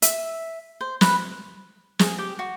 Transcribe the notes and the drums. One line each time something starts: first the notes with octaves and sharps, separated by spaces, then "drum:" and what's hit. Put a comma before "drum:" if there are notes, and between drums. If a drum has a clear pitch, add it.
E5, drum: hi-hat
C5
B4, drum: snare
G#4, drum: snare
G4
F#4